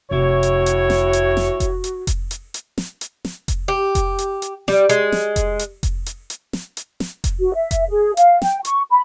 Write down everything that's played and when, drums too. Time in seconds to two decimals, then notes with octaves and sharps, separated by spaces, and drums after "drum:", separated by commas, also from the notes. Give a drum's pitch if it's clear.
0.11 F1 A2 E4 F#4 C#5
0.43 drum: hi-hat
0.66 drum: hi-hat
0.90 drum: snare
1.13 drum: hi-hat
1.37 drum: snare
1.60 drum: kick F1, hi-hat
1.84 drum: hi-hat
2.07 drum: kick F1, hi-hat
2.31 drum: hi-hat
2.54 drum: hi-hat
2.78 drum: snare
3.01 drum: hi-hat
3.25 drum: snare
3.48 drum: kick F1, hi-hat
3.68 G4
3.95 drum: kick F1, hi-hat
4.19 drum: hi-hat
4.42 drum: hi-hat
4.68 G3, drum: snare
4.89 G#3, drum: hi-hat
5.12 drum: snare
5.36 drum: kick F1, hi-hat
5.59 drum: hi-hat
5.83 drum: kick F1, hi-hat
6.06 drum: hi-hat
6.30 drum: hi-hat
6.53 drum: snare
6.77 drum: hi-hat
7.00 drum: snare
7.24 drum: kick F1, hi-hat
7.40 F#4
7.54 E5
7.71 drum: kick F1, hi-hat
7.90 G#4
8.17 F5, drum: hi-hat
8.42 G5, drum: snare
8.65 C#6, drum: hi-hat
8.91 B5